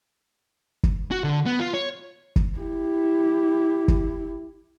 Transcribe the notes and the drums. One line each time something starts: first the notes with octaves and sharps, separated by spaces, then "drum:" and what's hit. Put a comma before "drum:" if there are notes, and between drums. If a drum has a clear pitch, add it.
drum: kick
F#4
D3
B3
F4
C#5
drum: kick
E4 G4
drum: kick